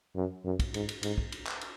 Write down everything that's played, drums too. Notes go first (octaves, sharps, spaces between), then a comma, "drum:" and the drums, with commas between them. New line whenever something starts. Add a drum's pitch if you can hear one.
F#2
F#2
drum: kick, cymbal
G#2, drum: cymbal
drum: cymbal
G#2, drum: cymbal
drum: kick
drum: cymbal
drum: clap
drum: cymbal